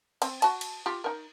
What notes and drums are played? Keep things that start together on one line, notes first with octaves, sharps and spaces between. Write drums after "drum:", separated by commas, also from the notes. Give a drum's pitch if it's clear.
C4, drum: cymbal
F#4 A5, drum: cymbal
drum: cymbal
F4 G4
D#4 A#4